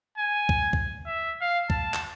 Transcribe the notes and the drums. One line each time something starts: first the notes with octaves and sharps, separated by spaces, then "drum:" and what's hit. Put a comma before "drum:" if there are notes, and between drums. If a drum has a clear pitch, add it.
G#5
drum: kick
drum: kick
E5
F5
A5, drum: kick
drum: clap